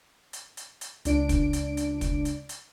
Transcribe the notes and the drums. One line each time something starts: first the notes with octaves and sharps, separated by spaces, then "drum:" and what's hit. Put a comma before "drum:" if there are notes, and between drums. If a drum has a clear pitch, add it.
drum: hi-hat
drum: hi-hat
drum: hi-hat
C#2 D4 D7, drum: hi-hat
drum: kick, hi-hat
drum: hi-hat
drum: hi-hat
drum: kick, hi-hat
drum: hi-hat
drum: hi-hat